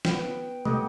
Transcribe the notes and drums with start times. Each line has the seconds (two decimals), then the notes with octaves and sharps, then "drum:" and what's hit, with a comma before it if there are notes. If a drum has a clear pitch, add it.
0.05 B3 G5, drum: snare
0.65 A3 G4 D#5 F#5, drum: tom